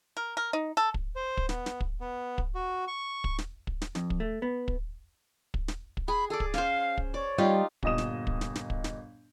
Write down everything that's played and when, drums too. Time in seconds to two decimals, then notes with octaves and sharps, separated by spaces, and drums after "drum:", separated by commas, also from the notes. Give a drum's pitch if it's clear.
0.17 A#4
0.37 A#4
0.53 D#4
0.77 A4
0.94 drum: kick
1.16 C5
1.37 drum: kick
1.49 B3, drum: snare
1.66 drum: snare
1.80 drum: kick
2.01 B3
2.38 drum: kick
2.55 F#4
2.88 C#6
3.24 drum: kick
3.38 drum: snare
3.67 drum: kick
3.82 drum: snare
3.95 F2, drum: snare
4.10 drum: kick
4.20 A3
4.42 B3
4.68 drum: kick
5.54 drum: kick
5.68 drum: snare
5.97 drum: kick
6.08 G#4 B5
6.30 G#4 A4 D5
6.40 drum: kick
6.54 C#4 C5 F5, drum: snare
6.97 drum: kick
7.14 C#5 D5
7.38 G3 D#4 F4 G4
7.83 G1 A#2 D#5 D#6 E7, drum: kick
7.98 drum: snare
8.27 drum: kick
8.41 drum: snare
8.55 drum: snare
8.70 drum: kick
8.84 drum: snare